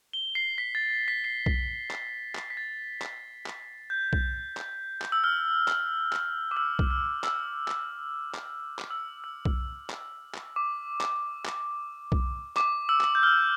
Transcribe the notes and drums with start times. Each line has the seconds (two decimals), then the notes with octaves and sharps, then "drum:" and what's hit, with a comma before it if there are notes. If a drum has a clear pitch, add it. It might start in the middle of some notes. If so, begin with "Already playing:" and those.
0.13 G7
0.35 C7
0.58 B6
0.75 A6
0.90 A6
1.08 B6
1.24 C7
1.46 drum: kick B1
1.91 drum: clap
2.35 drum: clap
2.50 B6
2.57 A6
3.02 drum: clap
3.46 drum: clap
3.90 G6
4.13 drum: kick B1
4.57 drum: clap
5.01 drum: clap
5.12 E6
5.24 F6
5.68 drum: clap
6.12 drum: clap
6.51 D6
6.57 E6
6.79 drum: kick B1
6.91 F6
7.24 E6, drum: clap
7.68 drum: clap
8.34 drum: clap
8.79 drum: clap
8.90 E6
9.24 E6
9.45 drum: kick B1
9.90 drum: clap
10.34 drum: clap
10.56 D6
11.01 drum: clap
11.45 drum: clap
12.12 drum: kick B1
12.57 D6, drum: clap
12.89 E6
13.01 drum: clap
13.15 G6
13.23 F6